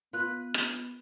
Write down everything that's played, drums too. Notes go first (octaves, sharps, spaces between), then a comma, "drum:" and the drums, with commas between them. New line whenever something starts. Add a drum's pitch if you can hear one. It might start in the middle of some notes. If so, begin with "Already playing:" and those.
B3 F4 B4 F#6
drum: rim click